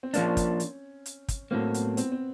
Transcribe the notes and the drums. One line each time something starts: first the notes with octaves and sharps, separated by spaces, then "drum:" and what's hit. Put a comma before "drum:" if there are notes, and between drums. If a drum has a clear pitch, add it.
C4
F3 A#3 C#4 D4, drum: hi-hat
drum: kick, hi-hat
drum: hi-hat
drum: hi-hat
drum: kick, hi-hat
A2 F#3 A#3 C4
B3, drum: hi-hat
C4, drum: hi-hat
C4